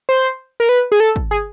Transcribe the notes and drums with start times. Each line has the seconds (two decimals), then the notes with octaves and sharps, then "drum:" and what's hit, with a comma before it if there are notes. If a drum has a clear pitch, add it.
0.09 C5
0.60 A#4
0.69 B4
0.92 G#4
1.00 A4
1.16 drum: kick
1.31 G#4